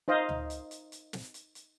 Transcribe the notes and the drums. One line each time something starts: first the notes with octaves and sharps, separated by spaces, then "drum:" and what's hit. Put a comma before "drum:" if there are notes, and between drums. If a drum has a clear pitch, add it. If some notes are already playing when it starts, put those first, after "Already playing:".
D#4 C5 D#5 F5
drum: tom D2
drum: hi-hat
drum: hi-hat
drum: hi-hat
drum: snare
drum: hi-hat
drum: hi-hat